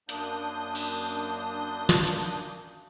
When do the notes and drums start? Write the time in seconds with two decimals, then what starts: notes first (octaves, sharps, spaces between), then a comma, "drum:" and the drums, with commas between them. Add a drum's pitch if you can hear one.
0.09 F#2 A#3 D4 D#6 G6, drum: hi-hat
0.75 drum: cymbal
1.89 drum: snare
2.07 drum: hi-hat